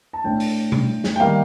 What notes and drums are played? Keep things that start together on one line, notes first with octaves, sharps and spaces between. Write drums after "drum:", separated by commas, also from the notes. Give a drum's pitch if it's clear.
A5
A2 A3 D4 G5
drum: open hi-hat
drum: tom B2
drum: snare
G5
D#3 G3 A#3 F5